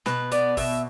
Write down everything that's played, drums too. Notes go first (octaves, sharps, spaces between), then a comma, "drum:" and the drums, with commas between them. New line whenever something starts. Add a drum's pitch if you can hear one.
B2 B4, drum: snare
B3 D5, drum: hi-hat
B2 E5, drum: kick, open hi-hat